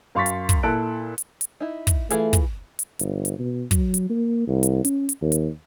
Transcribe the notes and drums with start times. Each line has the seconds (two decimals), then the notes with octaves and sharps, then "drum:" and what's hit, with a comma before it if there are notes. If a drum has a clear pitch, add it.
0.15 F#2 F5 C6 C#6 A6 B6
0.26 drum: hi-hat
0.49 drum: kick, hi-hat
0.63 A#2 E4 A4 F#6 D7
1.18 drum: hi-hat
1.41 drum: hi-hat
1.60 D#4 E4
1.87 drum: kick, hi-hat
2.10 E3 A3 F4 G#4, drum: hi-hat
2.33 drum: kick, hi-hat
2.79 drum: hi-hat
2.99 G1, drum: hi-hat
3.25 drum: hi-hat
3.39 B2
3.71 F#3, drum: kick, hi-hat
3.94 drum: hi-hat
4.09 A#3
4.47 C2
4.63 drum: hi-hat
4.85 C#4, drum: hi-hat
5.09 drum: hi-hat
5.21 D#2
5.32 drum: hi-hat